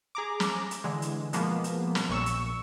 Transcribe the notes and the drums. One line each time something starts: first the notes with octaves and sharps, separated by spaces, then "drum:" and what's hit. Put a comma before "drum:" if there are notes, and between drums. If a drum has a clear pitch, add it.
G#4 A#5 D6
drum: snare
drum: hi-hat
D3 E3 G#3
drum: hi-hat
B2 F3 G#3 A#3 B3, drum: hi-hat
drum: hi-hat
drum: snare
A#1 A#2 C#6 E6
drum: hi-hat